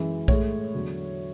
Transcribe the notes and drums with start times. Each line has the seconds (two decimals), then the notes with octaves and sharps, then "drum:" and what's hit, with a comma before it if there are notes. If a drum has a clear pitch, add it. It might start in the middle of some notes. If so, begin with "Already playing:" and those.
Already playing: F#2 E3 G#3
0.28 A2 G#3 C#5, drum: kick B1
0.74 E2 D3 F#3